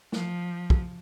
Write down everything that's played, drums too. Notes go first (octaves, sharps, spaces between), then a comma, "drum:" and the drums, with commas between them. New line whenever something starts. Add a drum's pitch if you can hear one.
F3, drum: snare
drum: kick